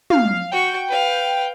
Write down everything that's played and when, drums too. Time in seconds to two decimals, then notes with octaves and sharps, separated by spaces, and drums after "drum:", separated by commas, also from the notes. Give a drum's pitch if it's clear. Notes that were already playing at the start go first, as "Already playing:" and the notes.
0.10 F5, drum: tom
0.52 F#4 G5 C#6
0.88 B4 F5